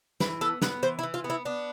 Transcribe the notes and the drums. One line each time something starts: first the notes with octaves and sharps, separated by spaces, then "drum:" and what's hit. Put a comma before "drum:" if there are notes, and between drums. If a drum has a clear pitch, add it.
E3 B4, drum: snare
B3 A4
B3 B4, drum: snare
E3 C5
E4
E3
F4
B3
E4
B3 D4